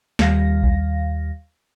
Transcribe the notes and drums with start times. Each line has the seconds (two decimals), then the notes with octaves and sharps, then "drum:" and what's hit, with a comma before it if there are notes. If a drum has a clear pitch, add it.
0.19 D#2 G3 F5 A#6, drum: snare
0.63 drum: kick A#1